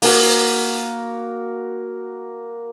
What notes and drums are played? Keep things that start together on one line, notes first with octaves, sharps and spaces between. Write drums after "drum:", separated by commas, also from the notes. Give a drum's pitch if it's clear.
A#3 F#4 A#4, drum: open hi-hat